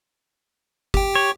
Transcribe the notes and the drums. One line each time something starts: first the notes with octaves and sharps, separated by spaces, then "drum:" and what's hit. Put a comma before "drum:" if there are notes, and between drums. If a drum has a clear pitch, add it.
G4 G5, drum: kick
C#5